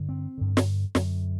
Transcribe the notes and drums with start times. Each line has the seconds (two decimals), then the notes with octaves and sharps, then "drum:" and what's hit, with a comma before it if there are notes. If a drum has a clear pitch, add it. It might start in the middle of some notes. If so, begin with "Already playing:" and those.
Already playing: G2 D3
0.09 C4
0.38 G2 D3
0.57 drum: snare
0.95 F#2 D3, drum: snare